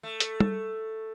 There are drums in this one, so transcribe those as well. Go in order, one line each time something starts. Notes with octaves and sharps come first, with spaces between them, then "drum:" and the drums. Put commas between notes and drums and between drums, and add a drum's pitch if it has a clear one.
A3
drum: hi-hat
drum: tom